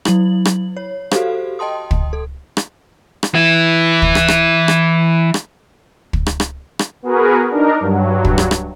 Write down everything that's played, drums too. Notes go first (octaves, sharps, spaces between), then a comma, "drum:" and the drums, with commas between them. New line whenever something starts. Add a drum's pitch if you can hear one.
F#3 E4 F#7, drum: rim click
drum: rim click
C#5
F#4 G4 A4 C5 F5, drum: rim click
D#5 G5 A5 C6 D#6
drum: kick
A4
drum: rim click
drum: rim click
E3 E4
drum: kick
drum: rim click
drum: rim click
drum: rim click
drum: rim click
drum: kick
drum: rim click
drum: rim click
drum: rim click
B3 F#4 G#4 A#4 B4
D4 D#4 A#4
G2 F#3
drum: kick
drum: rim click
drum: rim click